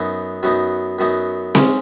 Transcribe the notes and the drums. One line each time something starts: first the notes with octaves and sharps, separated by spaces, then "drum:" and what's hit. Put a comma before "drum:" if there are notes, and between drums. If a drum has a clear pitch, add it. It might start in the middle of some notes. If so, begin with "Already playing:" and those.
Already playing: F#2 F#3 B3 D#4
F#2 F#3 B3 D#4
F#2 F#3 B3 D#4
G#2 G#3 C#4, drum: snare C4